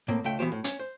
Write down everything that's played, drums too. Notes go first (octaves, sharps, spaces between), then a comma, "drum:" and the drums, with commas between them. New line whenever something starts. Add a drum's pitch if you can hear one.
A2 A#3 C4
C#2 A3 G5
E3 B3 F#4 G4 C5
A2
C#4, drum: hi-hat
C5